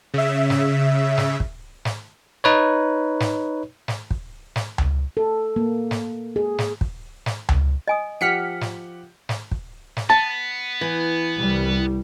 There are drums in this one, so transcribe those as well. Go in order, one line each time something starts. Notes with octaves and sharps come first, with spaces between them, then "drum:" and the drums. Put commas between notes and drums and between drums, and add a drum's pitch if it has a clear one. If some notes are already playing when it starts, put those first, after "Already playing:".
C#3 E5
drum: snare
drum: snare
drum: kick
drum: snare
D#4 B4 C#5
drum: snare
drum: snare
drum: kick
drum: snare
drum: tom C#2
A4
A#3
drum: snare
G#4
drum: snare
drum: kick
drum: snare
drum: tom C#2
D#5 G#5 D#6
F3 G4 F#5 F6 B6 C#7
drum: snare
drum: snare
drum: kick
drum: snare
B3 A5
E3
C2 G3